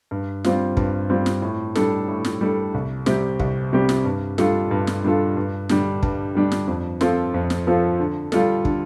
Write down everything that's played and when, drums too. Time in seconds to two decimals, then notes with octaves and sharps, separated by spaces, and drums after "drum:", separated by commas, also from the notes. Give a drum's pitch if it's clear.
0.11 G2
0.44 G3 C4 F4, drum: snare
0.77 G2, drum: kick
1.10 G3 C4 F4
1.26 drum: snare
1.42 A2
1.75 G3 D4 A4, drum: snare
2.08 A2
2.25 drum: snare
2.41 G3 D4 A4
2.74 C2
3.06 C3 G3 C4 G4, drum: snare
3.40 C2, drum: kick
3.73 C3 G3 C4 G4
3.89 drum: snare
4.05 G2
4.38 G3 D4 F4 A4, drum: snare
4.71 G2
4.87 drum: snare
5.04 G3 D4 F4 A4
5.37 G2
5.69 D3 G3 D4, drum: snare
6.03 G2, drum: kick
6.35 D3 G3 D4
6.52 drum: snare
6.67 F2
7.01 F3 C4 F4 A4, drum: snare
7.34 F2
7.50 drum: snare
7.67 F3 C4 F4 A4
8.00 D3
8.32 G3 F4 A4, drum: snare
8.65 D3, drum: kick